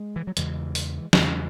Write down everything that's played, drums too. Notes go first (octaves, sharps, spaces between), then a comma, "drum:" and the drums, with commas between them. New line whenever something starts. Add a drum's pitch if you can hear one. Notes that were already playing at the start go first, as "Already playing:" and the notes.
Already playing: G#3
E3
F#3
E2 C#3 E3 G#3, drum: hi-hat
drum: open hi-hat
E2 C#3 E3 G#3, drum: snare